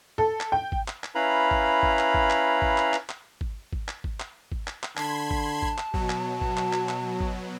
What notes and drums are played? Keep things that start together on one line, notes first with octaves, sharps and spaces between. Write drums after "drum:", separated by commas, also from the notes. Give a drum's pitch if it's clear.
A4
drum: clap
G5
drum: kick G#1
drum: clap
drum: clap
C#4 E4 B4 F5 A#5 B5
drum: kick G#1
drum: kick G#1
drum: clap
drum: kick G#1
drum: clap
drum: kick G#1
drum: clap
drum: clap
drum: clap
drum: kick G#1
drum: kick G#1
drum: clap
drum: kick G#1
drum: clap
drum: kick G#1
drum: clap
drum: clap
D3 A5 B5 C6 G#6, drum: clap
drum: kick G#1
drum: kick G#1
drum: clap
B2 F#3 F#4, drum: kick G#1
drum: clap
drum: kick G#1
drum: clap
drum: clap
drum: clap
drum: kick G#1